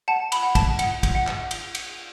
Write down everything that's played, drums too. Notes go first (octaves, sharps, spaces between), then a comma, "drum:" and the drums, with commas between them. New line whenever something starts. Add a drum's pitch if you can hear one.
F#5 A5
B5, drum: cymbal
F#5
A5, drum: kick, cymbal
F#5, drum: cymbal
drum: kick, cymbal
F#5
drum: clap
drum: cymbal
drum: cymbal